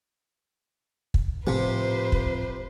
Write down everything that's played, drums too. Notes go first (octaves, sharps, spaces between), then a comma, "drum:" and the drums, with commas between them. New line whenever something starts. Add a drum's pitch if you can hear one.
drum: kick
A2 C3 F3 C4 B4 C5
drum: kick